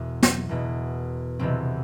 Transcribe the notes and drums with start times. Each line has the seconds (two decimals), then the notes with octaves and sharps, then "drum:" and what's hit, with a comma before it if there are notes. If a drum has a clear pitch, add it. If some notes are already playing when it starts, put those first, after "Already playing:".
Already playing: E1 E2 B2
0.23 drum: snare
0.49 E1 E2 B2
1.39 E1 E2 C3 E3 C4